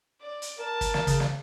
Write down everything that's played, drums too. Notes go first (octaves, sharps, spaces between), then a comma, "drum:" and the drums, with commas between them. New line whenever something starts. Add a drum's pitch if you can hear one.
D5
drum: hi-hat
A#4 A5
drum: kick, hi-hat
drum: snare
C#3, drum: kick, hi-hat
drum: snare